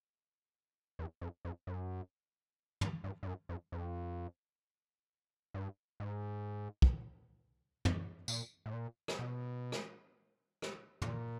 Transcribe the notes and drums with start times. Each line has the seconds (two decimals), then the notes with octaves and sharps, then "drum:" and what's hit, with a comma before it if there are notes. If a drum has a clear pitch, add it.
0.99 E2
1.22 F2
1.45 F2
1.67 F#2
2.81 G2, drum: tom
3.04 G2
3.23 G2
3.27 F#2
3.49 F2
3.72 F2
5.54 G2
6.00 G#2
6.82 drum: kick
7.85 drum: tom
8.28 A#2, drum: tambourine
8.66 A2
8.73 A#2
9.08 drum: rim click
9.19 B2
9.72 drum: rim click
10.62 drum: rim click
11.02 A#2, drum: tom